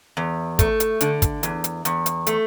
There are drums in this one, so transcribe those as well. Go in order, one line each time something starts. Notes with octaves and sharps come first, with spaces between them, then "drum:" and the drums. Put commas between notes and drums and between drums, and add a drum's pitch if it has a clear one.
E2
A3, drum: kick, hi-hat
drum: hi-hat
D3, drum: hi-hat
drum: kick, hi-hat
E2, drum: hi-hat
drum: hi-hat
E2, drum: hi-hat
drum: hi-hat
A3, drum: hi-hat